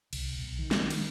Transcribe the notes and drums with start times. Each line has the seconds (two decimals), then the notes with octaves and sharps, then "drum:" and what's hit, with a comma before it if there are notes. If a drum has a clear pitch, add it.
0.13 C2, drum: cymbal
0.39 B1
0.59 D#3
0.71 drum: snare
0.90 drum: cymbal